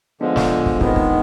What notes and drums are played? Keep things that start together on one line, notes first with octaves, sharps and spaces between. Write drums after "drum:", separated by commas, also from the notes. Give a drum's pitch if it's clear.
D3 F3 G#3 B3 D4
drum: snare
drum: kick
D#3 G#3 B3 C4 D#4, drum: kick
drum: kick